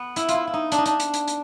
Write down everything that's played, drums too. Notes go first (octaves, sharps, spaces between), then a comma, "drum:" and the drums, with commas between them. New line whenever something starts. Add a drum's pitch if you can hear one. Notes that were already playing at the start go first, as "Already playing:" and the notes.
Already playing: B3
E4, drum: hi-hat
F4, drum: hi-hat
E4
E4
D#4
D4, drum: hi-hat
D#4
D4, drum: hi-hat
drum: hi-hat
drum: hi-hat
drum: hi-hat